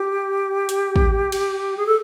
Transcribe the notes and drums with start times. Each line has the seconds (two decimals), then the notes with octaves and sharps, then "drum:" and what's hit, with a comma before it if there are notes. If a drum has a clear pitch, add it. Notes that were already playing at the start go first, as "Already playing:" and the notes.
Already playing: G4
0.69 drum: hi-hat
0.96 drum: kick
1.32 drum: cymbal
1.77 G#4
1.86 A4